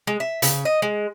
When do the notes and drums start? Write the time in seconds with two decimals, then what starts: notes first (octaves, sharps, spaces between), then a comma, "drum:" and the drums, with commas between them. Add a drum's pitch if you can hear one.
0.07 G#3
0.20 E5
0.42 C#3, drum: hi-hat
0.65 D#5
0.82 G#3